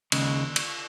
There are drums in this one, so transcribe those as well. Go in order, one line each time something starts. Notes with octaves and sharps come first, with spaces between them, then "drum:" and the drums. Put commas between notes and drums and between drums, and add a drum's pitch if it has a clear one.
D#2 C#3 G#3, drum: cymbal
drum: cymbal